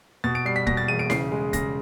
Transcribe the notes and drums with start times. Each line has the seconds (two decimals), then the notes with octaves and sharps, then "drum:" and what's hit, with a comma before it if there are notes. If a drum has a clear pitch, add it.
0.24 B2 A6
0.35 D7
0.45 G3 C7
0.56 B6
0.67 B2 A#6, drum: kick
0.77 A6
0.88 E1 D#7
0.99 D7
1.10 C#3 C7, drum: snare E4
1.32 G#3
1.53 C#3 A#6, drum: kick, hi-hat